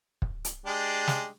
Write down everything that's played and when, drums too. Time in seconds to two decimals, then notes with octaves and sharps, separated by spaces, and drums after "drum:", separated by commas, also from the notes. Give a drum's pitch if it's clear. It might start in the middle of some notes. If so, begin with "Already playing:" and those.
0.22 drum: kick
0.45 drum: hi-hat
0.66 G#3 D4 G4
1.07 drum: snare